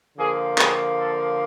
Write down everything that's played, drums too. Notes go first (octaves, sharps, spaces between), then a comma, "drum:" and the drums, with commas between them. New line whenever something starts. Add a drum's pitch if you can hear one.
D3 F3 A#3 G#4
G#4, drum: clap
A4